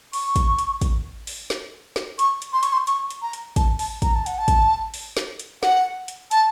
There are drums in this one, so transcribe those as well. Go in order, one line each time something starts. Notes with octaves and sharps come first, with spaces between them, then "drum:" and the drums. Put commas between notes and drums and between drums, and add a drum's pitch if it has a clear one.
C#6, drum: open hi-hat
drum: kick, hi-hat
drum: hi-hat
drum: kick, hi-hat
drum: open hi-hat
drum: snare
drum: snare
C#6, drum: hi-hat
drum: hi-hat
C6
C#6, drum: hi-hat
C6
C#6, drum: hi-hat
drum: hi-hat
A#5
drum: hi-hat
A5, drum: kick, hi-hat
A5, drum: open hi-hat
A#5, drum: kick, hi-hat
A5
F#5, drum: hi-hat
A5
drum: kick, hi-hat
drum: open hi-hat
drum: snare
drum: hi-hat
F#5, drum: snare
drum: hi-hat
A5, drum: hi-hat